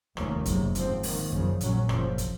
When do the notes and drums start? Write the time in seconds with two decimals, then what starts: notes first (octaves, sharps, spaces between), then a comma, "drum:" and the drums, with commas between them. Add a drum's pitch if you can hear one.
0.17 F1 D#2 D#3 A#3 C#4, drum: rim click
0.46 F#1 F2 C3 F#3, drum: kick, hi-hat
0.75 G#2 F3 C4, drum: hi-hat
1.03 F#2 D#3 A#3, drum: open hi-hat
1.32 F#2 C#3 F3, drum: kick
1.61 A#1 A#2 F#3 C#4, drum: hi-hat
1.89 F#1 F#2 F3 C4, drum: rim click
2.18 drum: kick, hi-hat